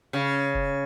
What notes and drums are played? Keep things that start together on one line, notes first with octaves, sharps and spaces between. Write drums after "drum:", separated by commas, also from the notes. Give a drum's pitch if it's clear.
C#3
drum: kick F1